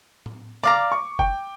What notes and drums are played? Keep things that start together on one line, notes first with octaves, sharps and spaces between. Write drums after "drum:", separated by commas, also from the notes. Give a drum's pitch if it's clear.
drum: tom A2
D5 F5 A#5 D6, drum: tom C#3
C#6
G5, drum: kick F#1